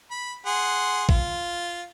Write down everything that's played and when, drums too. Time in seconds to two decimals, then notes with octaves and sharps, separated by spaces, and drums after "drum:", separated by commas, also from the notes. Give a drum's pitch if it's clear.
0.11 B5
0.46 G#4 F#5 C6
1.09 F4, drum: kick